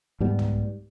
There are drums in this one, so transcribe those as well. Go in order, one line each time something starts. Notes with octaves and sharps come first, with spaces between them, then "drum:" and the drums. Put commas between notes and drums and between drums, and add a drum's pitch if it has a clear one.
G#2 G3 B3
drum: tom